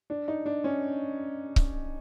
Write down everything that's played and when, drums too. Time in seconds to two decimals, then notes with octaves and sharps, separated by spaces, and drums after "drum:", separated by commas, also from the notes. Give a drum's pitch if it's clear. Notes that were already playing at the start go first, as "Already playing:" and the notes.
0.10 D4
0.28 D#4
0.46 D4
0.64 C#4
1.56 drum: kick C#1